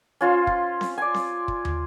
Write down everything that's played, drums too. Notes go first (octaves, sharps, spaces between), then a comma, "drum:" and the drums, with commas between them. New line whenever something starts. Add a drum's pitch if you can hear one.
C#4 F4 C5
drum: kick
drum: snare C4
D5 G#5
drum: snare C4
drum: kick
drum: tom